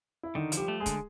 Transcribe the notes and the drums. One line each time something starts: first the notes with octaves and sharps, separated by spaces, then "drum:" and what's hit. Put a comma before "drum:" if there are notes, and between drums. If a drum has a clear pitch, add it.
E4
D3 D#3 D#4
F3, drum: hi-hat
G3 G4
A3
G#3 G#4
D3, drum: kick, hi-hat